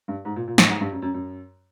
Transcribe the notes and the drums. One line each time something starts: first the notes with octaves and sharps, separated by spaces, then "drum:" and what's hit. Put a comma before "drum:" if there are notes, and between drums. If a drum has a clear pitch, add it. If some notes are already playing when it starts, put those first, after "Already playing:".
G2
G#2
A#2
A#2
A2, drum: snare
G#2
G2
F#2
F#2
F#2